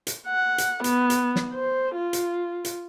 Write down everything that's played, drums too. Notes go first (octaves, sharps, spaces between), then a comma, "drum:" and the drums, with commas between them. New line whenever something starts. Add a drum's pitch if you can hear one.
drum: hi-hat
F#5
drum: hi-hat
B3, drum: hi-hat
drum: hi-hat
drum: snare
C5
F4
drum: hi-hat
drum: hi-hat